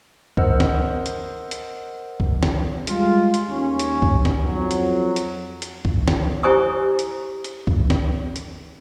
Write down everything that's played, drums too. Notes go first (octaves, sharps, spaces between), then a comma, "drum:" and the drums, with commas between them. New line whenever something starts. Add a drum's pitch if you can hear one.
A#4 C5 D#5 F#5 E6, drum: kick
drum: snare
drum: hi-hat
drum: hi-hat
drum: kick
drum: snare
G3 G#3 F4, drum: hi-hat
drum: hi-hat
D#2 C#4
drum: hi-hat
drum: kick
drum: snare
F2 F#3
drum: hi-hat
drum: hi-hat
drum: hi-hat
drum: kick
drum: snare
E4 G4 C5 G#5 C#6 D#6
drum: hi-hat
drum: hi-hat
drum: kick
drum: snare
drum: hi-hat